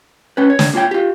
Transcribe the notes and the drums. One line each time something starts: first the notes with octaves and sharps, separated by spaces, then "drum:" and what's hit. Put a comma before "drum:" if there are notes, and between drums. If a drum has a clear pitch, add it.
C#4 B4
C#5
drum: snare
A#3 F4 C#5 G5
F4 G4